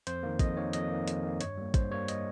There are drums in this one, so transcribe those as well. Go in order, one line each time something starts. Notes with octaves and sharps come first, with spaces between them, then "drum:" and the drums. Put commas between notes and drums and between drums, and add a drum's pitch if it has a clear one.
F2 C5, drum: hi-hat
D#3 A#3
F2 D#5, drum: kick, hi-hat
D#3 A#3 C#5
F2 D#5, drum: hi-hat
D#3 A#3
F2, drum: hi-hat
D#3 A#3
G2 C#5, drum: hi-hat
G3 A#3
G2 C5, drum: kick, hi-hat
G3 A#3 C#5
D#5, drum: hi-hat